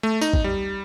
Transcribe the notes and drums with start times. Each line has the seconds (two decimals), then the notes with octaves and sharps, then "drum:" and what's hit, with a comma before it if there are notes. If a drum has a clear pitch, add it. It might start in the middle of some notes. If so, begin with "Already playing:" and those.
0.03 A3
0.21 D#4, drum: tambourine
0.33 drum: kick
0.44 G3